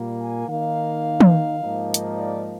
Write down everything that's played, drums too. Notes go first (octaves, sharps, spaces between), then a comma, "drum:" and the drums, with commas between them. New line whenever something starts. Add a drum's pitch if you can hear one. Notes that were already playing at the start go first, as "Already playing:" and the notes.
Already playing: A#2 G3 A#3
G#5
D#3 A#3 D#4 F5
drum: tom
G#2 F3 A#3 D#4
drum: hi-hat
D5